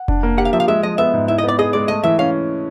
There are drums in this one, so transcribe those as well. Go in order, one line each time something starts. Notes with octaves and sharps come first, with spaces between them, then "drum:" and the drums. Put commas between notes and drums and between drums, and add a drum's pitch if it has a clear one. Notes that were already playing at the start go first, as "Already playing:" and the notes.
Already playing: F#5
D4, drum: kick F1
A#3
G4 F#5
F5
F3 E5
F5
G#3 E5
F3 D#5
B3 E5
G#2
E4 E5
D#5
B3 D5
G#4 D#5
G#3 D5
A3 D#5
E3 E5
C#4 F5